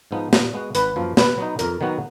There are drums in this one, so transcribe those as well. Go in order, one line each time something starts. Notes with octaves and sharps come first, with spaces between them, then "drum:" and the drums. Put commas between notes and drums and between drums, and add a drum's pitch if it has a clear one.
G#2 F3 B3 D#4
A#2, drum: snare
G#3 B3 F#4
G#1 B4, drum: hi-hat
F#2 F3 A#3 F4
B2 B4, drum: snare
F#3 B3 D#4
F2 A#4, drum: hi-hat
D#3 F#3 B3 F#4